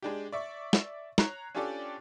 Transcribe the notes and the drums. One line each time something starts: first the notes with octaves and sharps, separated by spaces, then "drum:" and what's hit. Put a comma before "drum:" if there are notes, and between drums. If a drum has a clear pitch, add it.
G#3 D4 G4
D5 E5 C#6
drum: snare
C#5 A#5 F#6 C7, drum: snare
C#4 D4 F4 G4 A4 D5